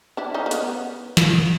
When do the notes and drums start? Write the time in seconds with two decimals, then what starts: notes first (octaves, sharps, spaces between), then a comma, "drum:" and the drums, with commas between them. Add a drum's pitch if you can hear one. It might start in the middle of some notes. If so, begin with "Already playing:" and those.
0.17 D4 E4
0.34 C#4 D#4
0.46 A#3
0.51 B3, drum: hi-hat
1.17 drum: snare